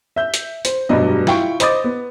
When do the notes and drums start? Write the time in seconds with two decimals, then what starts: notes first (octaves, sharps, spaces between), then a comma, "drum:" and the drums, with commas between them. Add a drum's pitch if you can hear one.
0.16 E5 G6
0.34 drum: hi-hat
0.65 C5, drum: hi-hat
0.89 F1 G2 B2 F#3 D4 D#5
1.27 E4 F4 G5 C#6, drum: snare
1.60 C5 D#5 B5 D6 D#6 A6, drum: hi-hat
1.84 B3